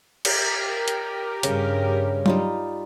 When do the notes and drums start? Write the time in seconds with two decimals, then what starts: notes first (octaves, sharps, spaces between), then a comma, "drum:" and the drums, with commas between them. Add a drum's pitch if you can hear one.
0.25 G4 A#4, drum: cymbal
0.88 drum: hi-hat
1.43 G2 C#3, drum: hi-hat
2.26 G3 D#4 F4, drum: tom F#3